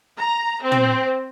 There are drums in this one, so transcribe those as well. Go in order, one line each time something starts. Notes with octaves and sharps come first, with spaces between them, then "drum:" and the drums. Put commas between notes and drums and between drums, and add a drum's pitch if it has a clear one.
A#5
C4
drum: tom